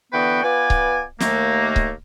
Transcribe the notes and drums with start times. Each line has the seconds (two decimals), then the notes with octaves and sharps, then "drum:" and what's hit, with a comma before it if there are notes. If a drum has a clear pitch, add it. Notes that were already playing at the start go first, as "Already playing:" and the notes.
0.13 D3 E3 B3 F#4 B4 G5
0.44 B3 F4 B4 D5 G#5
0.70 drum: kick C#1
1.20 D#2 A3 A#3, drum: snare
1.76 drum: kick C#1